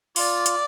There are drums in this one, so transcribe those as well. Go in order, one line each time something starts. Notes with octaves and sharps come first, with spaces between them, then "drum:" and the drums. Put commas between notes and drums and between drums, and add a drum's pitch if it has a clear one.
F4 D5, drum: open hi-hat
drum: hi-hat